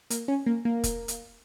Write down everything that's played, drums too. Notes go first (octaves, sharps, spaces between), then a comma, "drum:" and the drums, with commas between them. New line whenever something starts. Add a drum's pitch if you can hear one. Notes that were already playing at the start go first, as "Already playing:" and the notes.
A#3, drum: hi-hat
C#4
A#3
A#3
drum: kick, hi-hat
drum: hi-hat